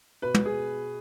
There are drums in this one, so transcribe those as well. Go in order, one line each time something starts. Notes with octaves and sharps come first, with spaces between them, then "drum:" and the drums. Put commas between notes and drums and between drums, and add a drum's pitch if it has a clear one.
B2 B4
drum: tom
G#4